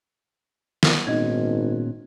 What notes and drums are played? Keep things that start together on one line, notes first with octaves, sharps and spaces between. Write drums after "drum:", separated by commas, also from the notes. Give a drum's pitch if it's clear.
drum: snare
G#1 A#2 B3 C#4 D#4 D#5 G#6